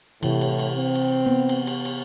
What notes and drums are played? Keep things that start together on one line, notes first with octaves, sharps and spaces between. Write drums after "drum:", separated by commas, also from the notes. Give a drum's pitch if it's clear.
A2 C3 E3, drum: cymbal
drum: cymbal
drum: cymbal
C4
drum: cymbal
B3
drum: cymbal
drum: cymbal
drum: cymbal